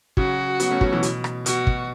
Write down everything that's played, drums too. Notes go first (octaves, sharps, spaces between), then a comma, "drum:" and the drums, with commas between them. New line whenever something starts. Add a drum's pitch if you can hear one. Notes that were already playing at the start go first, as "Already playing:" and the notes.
C#3 F#3 F#4, drum: kick
F#3 B3, drum: hi-hat
A3 C#4
F#3 B3, drum: kick
B2 E3
B2, drum: hi-hat
drum: rim click
B2 F#4, drum: hi-hat
drum: kick